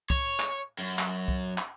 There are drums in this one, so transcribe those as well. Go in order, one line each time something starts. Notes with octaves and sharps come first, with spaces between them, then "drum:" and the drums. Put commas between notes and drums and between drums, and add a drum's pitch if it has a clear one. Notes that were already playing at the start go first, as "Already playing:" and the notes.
C#5, drum: kick C2
drum: clap
F#2
drum: clap
drum: kick C2
drum: clap